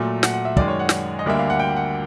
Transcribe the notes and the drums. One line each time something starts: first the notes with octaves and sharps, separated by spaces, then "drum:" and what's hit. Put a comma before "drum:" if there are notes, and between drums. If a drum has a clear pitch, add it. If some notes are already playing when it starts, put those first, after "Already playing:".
Already playing: A#2 F#3 A3
F#5, drum: snare
F#5
E5
F#2 D#3 G#3 D5, drum: kick
C#5
F#5
drum: snare
D#5
D2 D3 G3 A#3 E5
F5
F#5
G5
F#5